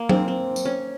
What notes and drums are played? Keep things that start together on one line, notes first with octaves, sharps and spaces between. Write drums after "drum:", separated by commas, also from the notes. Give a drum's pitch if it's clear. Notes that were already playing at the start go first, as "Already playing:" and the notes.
Already playing: A#3
C4, drum: tom F#3
C4
drum: tambourine
C#4